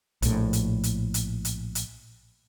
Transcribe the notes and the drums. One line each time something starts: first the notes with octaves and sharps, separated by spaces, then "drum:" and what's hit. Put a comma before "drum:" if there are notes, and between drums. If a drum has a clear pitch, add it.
A#1 A2, drum: hi-hat
drum: hi-hat
drum: hi-hat
drum: hi-hat
drum: hi-hat
drum: hi-hat